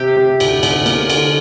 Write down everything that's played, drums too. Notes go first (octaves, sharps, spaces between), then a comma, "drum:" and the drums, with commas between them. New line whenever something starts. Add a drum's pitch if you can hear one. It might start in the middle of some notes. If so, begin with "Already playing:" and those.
Already playing: C3 G4
C3
D2, drum: cymbal
D2, drum: cymbal
A#3, drum: cymbal
D3, drum: cymbal